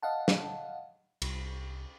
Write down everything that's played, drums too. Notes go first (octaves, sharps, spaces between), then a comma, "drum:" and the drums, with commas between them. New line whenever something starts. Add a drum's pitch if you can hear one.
D#5 F5 F#5 A5
drum: snare
C2, drum: cymbal